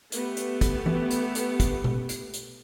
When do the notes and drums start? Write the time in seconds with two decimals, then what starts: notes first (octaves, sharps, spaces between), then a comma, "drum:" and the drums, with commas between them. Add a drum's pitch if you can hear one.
0.12 A3 B3 G4, drum: hi-hat
0.37 drum: hi-hat
0.61 drum: kick, hi-hat
0.86 drum: tom E3
1.11 drum: hi-hat
1.35 drum: hi-hat
1.60 drum: kick, hi-hat
1.84 drum: tom B2
2.09 drum: hi-hat
2.34 drum: hi-hat